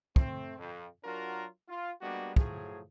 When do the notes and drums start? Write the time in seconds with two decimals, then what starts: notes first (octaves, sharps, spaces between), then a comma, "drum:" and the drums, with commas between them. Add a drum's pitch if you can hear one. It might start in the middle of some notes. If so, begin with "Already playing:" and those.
0.16 A3 C4, drum: kick
0.59 F2
1.05 F#3 D4 F4 F#4 A#4
1.69 F4
2.02 G3 G#3 A#3 B3 D4 F#4
2.36 A2 F3 F#3 G#4, drum: kick